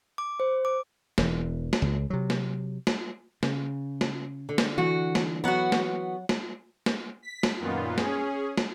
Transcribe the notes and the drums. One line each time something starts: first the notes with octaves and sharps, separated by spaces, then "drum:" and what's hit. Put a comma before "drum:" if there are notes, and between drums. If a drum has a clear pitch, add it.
D6
C5
D6
E1 E3, drum: snare
drum: snare
C#2
C3 F#3
drum: snare
drum: snare
C#3, drum: snare
drum: snare
D3
drum: snare
E3 F#4
drum: snare
F#3 B3 F#4 F#5
drum: snare
drum: snare
drum: snare
B6
drum: snare
F#2 A#2 D#3 B3 F4
C#4 G#4, drum: snare
drum: snare